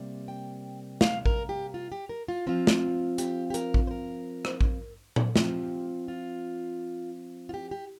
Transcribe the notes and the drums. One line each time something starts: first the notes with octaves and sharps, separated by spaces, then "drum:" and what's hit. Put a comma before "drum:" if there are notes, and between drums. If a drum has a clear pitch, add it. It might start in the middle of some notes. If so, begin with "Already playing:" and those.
Already playing: C3 G3 A#3
G5
F5, drum: snare
A#4, drum: kick A1
G4
F4
G4
A#4
F4
F3 C4 F4
drum: snare
G4, drum: hi-hat
G4
A#4, drum: hi-hat
drum: kick A1
C5
A#4
drum: rim click
drum: kick A1
drum: tom A#2
F3 C4 F4 G4, drum: snare
F4
F4
G4
G4